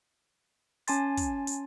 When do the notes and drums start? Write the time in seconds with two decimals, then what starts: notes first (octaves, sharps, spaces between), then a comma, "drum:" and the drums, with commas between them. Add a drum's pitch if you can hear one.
0.87 C#4 G#5 A5 C6 A6, drum: hi-hat
1.17 drum: kick, hi-hat
1.47 drum: hi-hat